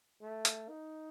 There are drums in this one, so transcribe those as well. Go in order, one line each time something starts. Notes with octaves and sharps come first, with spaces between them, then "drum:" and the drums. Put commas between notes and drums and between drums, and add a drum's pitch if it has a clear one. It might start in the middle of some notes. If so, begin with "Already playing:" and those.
A3
drum: hi-hat
D#4